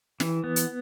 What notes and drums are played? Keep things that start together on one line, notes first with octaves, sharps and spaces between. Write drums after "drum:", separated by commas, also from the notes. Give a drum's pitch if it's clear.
E3, drum: snare
B3
drum: hi-hat